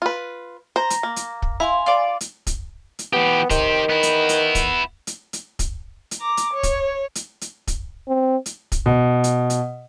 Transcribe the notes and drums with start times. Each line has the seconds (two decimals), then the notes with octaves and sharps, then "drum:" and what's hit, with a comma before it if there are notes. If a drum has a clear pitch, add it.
0.02 F4 B4
0.76 C5 A#5
0.90 drum: hi-hat
1.03 A#3
1.16 drum: hi-hat
1.42 drum: kick
1.60 E4 F5 G#5 C6
1.86 F4 D5
2.21 drum: hi-hat
2.47 drum: kick, hi-hat
2.99 drum: hi-hat
3.13 E3 B3 G4
3.50 D#3 G4 C5, drum: kick, hi-hat
3.90 B3 E4
4.03 drum: hi-hat
4.29 drum: hi-hat
4.55 drum: kick, hi-hat
5.07 drum: hi-hat
5.33 drum: hi-hat
5.59 drum: kick, hi-hat
6.11 drum: hi-hat
6.20 A#5 D6
6.37 drum: hi-hat
6.53 C#5
6.63 drum: kick, hi-hat
7.15 drum: hi-hat
7.41 drum: hi-hat
7.67 drum: kick, hi-hat
8.08 C4
8.46 drum: hi-hat
8.72 drum: kick, hi-hat
8.86 B2
9.24 drum: hi-hat
9.50 drum: hi-hat